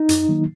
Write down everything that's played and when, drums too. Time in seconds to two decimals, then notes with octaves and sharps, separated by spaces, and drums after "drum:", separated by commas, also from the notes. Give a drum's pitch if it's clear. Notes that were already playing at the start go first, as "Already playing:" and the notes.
Already playing: D#4
0.09 F#2, drum: hi-hat
0.29 D#3 F#3 A#3